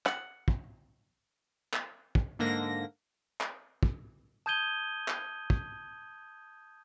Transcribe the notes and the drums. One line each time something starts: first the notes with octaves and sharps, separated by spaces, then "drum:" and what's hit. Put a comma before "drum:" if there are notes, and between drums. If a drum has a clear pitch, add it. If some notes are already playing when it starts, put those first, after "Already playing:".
F#5, drum: clap
drum: kick
drum: clap
drum: kick
G#2 D3 A#3 A#6
drum: clap
drum: kick
A5 D#6 G6 G#6 D#7 G7
drum: clap
drum: kick